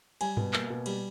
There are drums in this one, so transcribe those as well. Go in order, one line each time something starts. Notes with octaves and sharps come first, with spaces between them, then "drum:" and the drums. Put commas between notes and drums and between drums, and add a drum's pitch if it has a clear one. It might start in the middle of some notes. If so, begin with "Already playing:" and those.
G3 G#5, drum: cymbal
B2, drum: tom G2
A#3, drum: clap
B2
G3, drum: cymbal